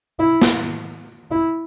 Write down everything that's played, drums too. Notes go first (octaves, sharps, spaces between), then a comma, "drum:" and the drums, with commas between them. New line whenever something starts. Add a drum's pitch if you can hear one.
E4
drum: snare
E4